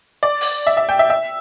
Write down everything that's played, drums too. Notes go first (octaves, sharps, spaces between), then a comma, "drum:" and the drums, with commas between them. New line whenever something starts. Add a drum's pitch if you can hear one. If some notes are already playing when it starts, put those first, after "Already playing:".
D5
drum: open hi-hat
E5
E5
G5
E5
E5